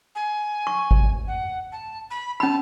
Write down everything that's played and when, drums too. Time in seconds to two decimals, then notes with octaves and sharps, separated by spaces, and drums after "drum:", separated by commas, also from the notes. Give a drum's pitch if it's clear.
0.15 G#5
0.67 C#6
0.91 drum: kick G#1
1.28 F#5
1.72 A5
2.11 B5
2.40 C#4 A5 B5